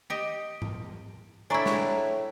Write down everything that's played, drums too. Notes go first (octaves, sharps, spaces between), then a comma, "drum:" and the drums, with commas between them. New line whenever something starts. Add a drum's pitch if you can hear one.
G4 D#5
drum: tom G#2
A2 D4 E4 G#5 A#5 C#6
drum: snare